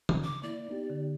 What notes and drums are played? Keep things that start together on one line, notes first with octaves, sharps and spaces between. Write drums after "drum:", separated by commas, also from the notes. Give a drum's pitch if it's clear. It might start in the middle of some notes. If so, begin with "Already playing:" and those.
C#3, drum: tom
D6
A#3 E4 D5
B3 D#4 G4
D3